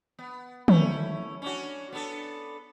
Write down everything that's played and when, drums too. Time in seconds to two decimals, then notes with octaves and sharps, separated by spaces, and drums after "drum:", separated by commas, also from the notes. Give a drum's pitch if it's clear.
0.19 B3
0.68 A3 C#4 E4, drum: tom
1.42 C#4 D4 F#4
1.92 B3 D4 A4